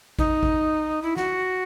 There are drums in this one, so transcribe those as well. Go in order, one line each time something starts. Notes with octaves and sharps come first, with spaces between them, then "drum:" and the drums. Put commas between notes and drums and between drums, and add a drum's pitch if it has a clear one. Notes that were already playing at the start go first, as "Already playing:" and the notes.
D#4, drum: kick A1
drum: kick A1
E4
F#4, drum: snare